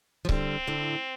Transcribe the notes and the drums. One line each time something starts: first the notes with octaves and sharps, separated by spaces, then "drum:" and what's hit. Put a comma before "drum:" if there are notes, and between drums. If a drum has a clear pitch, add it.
F3
D3 G3 C4, drum: kick C#1
A2 D3